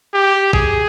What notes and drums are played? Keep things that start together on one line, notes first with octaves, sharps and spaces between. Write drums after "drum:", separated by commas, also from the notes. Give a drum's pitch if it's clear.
G4
G#4, drum: kick